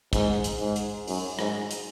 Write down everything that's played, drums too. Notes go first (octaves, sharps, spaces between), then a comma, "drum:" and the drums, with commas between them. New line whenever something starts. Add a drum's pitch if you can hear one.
G#2, drum: kick, hi-hat
drum: hi-hat
G#2
drum: hi-hat
F#2, drum: open hi-hat
G#2, drum: rim click
drum: hi-hat